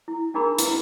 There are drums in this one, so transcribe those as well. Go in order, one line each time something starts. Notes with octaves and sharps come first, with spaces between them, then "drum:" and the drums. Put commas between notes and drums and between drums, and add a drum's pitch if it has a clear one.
E4
D4 D#4 G#4 A#4 A#5 B5
E4 B4, drum: hi-hat